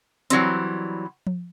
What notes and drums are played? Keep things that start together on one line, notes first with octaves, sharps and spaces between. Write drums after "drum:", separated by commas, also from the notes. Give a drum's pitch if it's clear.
E3 F#3 G3 C4, drum: hi-hat
drum: tom F3